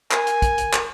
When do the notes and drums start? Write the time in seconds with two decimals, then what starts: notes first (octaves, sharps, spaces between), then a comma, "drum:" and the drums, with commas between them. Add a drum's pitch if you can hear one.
0.11 A#4 G#5, drum: clap
0.27 drum: hi-hat
0.42 drum: kick, hi-hat
0.58 drum: hi-hat
0.73 drum: clap